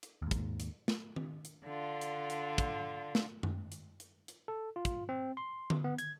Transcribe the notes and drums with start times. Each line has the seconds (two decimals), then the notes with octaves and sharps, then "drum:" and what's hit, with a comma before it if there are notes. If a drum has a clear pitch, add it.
0.03 drum: hi-hat
0.22 D#2 G#2
0.31 drum: kick, hi-hat
0.60 drum: hi-hat
0.88 drum: snare
1.16 drum: tom D#3
1.45 drum: hi-hat
1.65 D3 D4 F4
2.01 drum: hi-hat
2.30 drum: hi-hat
2.58 drum: kick, hi-hat
3.15 drum: snare
3.43 drum: tom F#2
3.72 drum: hi-hat
4.00 drum: hi-hat
4.28 drum: hi-hat
4.48 A4
4.76 F4
4.85 drum: kick, hi-hat
5.09 C4
5.37 C6
5.70 drum: tom D3
5.84 B3
5.98 G#6, drum: hi-hat